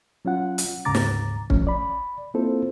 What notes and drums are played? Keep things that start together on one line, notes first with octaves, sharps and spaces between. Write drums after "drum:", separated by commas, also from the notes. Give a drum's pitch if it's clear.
F#3 C#4 F4 F#5
drum: hi-hat
D2 G#2 C#3 A#5 D6 A6
drum: snare
F3 A3 C#4, drum: kick
D5 B5
A#3 C4 E4 F4 A4 C5